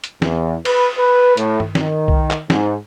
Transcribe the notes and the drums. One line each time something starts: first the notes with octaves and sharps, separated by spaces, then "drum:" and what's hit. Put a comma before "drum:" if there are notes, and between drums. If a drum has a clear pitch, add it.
drum: hi-hat
E2, drum: snare
B4, drum: cymbal
B4
A2, drum: hi-hat
drum: tom G2
D#3, drum: snare
drum: kick B1
drum: clap
G#2, drum: snare